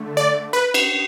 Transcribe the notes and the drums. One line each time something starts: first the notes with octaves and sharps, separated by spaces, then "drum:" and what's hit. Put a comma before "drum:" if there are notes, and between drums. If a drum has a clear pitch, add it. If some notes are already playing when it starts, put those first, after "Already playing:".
Already playing: D3 A3
D5
B4
drum: cymbal